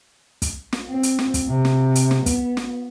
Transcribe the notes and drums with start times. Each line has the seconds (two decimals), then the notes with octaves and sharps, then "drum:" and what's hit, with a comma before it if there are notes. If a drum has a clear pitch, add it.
0.42 drum: kick, hi-hat
0.73 drum: snare
0.90 C4
1.03 drum: hi-hat
1.19 drum: snare
1.34 drum: kick, hi-hat
1.49 C3
1.65 drum: snare
1.95 drum: hi-hat
2.11 drum: snare
2.26 B3, drum: kick, hi-hat
2.57 drum: snare